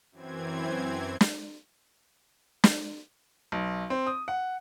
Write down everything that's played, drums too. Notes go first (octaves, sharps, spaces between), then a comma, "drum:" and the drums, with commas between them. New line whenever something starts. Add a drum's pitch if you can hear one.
F#2 E3 C4 G#6
drum: snare
drum: snare
B1
C4
D#6
F#5